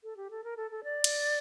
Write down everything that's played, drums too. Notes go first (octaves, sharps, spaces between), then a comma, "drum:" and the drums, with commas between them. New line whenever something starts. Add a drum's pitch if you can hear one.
A4
G4
A4
A#4
A4
A4
D5
drum: cymbal